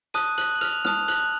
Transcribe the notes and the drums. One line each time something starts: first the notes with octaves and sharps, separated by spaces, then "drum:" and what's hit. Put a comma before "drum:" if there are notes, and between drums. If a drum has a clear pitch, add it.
A5 D#6 F#6 D#7, drum: hi-hat
F#6 F#7, drum: hi-hat
F#7
F6 F7, drum: hi-hat
A5 D#6 F6 F#6 F7, drum: snare
F#6 F#7, drum: hi-hat